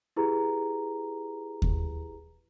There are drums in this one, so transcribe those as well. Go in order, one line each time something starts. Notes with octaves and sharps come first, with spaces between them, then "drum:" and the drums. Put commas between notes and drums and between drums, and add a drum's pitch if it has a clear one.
E4 G4 G#4 B4 A#5
drum: kick D#2